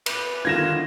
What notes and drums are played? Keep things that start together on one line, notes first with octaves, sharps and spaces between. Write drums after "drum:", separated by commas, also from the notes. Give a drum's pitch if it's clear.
B4 D6 G6 C#7, drum: cymbal
D3 D#3 F4 G#6 A#6 E7